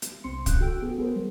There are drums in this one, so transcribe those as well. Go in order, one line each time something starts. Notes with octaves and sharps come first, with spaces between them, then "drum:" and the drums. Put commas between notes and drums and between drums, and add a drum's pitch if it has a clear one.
drum: hi-hat
C2 C4 C6 C#7
A#1 D3 C#4 F#6 G6, drum: kick, hi-hat
F#4 A4 G5 E6 D7
B3 F#4 G#4 A4
B3 G#4 A#4 C5
G3